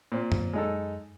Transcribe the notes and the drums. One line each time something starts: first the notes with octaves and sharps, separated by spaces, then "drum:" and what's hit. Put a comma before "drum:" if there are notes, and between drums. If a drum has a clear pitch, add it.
A#2 C4
F#2, drum: tom F#2
G#3 D#4 A4